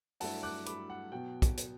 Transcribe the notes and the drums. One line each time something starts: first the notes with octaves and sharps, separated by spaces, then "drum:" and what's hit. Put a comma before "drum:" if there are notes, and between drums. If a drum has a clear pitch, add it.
G2 F#3 A3 E4 F#5 A5, drum: open hi-hat
D6 F#6
B5 D6, drum: hi-hat
F#5
B2 F#3 B3 G5
drum: kick, hi-hat
drum: hi-hat